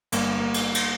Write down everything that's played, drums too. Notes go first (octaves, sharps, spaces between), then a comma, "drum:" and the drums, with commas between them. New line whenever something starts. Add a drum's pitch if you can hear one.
G1 G2 G3 A#3, drum: cymbal
A#3
drum: cymbal
drum: cymbal